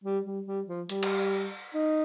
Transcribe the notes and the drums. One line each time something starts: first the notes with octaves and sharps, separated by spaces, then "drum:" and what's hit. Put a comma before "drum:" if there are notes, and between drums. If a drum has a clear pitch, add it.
G3
G3
G3
F3
G3, drum: hi-hat
drum: cymbal
D#4